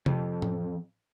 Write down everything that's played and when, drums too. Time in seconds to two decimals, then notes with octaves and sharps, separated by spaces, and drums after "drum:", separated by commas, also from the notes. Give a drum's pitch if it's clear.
0.06 F2, drum: tom C3
0.42 drum: tom A2